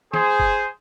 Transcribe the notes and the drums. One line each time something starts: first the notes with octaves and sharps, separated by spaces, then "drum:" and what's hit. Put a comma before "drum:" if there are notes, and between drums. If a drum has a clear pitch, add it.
G#4 C5, drum: snare
drum: kick F#1